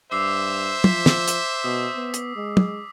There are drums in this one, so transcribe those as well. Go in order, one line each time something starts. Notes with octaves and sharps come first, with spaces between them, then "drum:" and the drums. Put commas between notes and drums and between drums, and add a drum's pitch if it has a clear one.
G2 C5 E5 D6 E6 C7
F3 B6, drum: tom
drum: snare
drum: hi-hat
B2 D#6
B3
drum: hi-hat
G#3
drum: tom